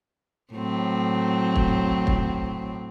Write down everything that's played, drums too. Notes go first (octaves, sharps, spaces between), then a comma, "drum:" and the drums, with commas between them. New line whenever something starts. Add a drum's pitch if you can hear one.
A2 F#3 C4
drum: kick
drum: kick